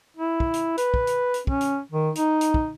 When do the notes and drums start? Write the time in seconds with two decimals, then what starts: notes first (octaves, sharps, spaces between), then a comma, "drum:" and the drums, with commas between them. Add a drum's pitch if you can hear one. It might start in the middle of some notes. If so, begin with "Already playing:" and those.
0.17 E4
0.40 drum: kick
0.54 drum: hi-hat
0.78 B4, drum: hi-hat
0.94 drum: kick
1.07 drum: hi-hat
1.34 drum: hi-hat
1.47 C#4, drum: kick
1.61 drum: hi-hat
1.92 D#3
2.15 D#4, drum: hi-hat
2.41 drum: hi-hat
2.54 drum: kick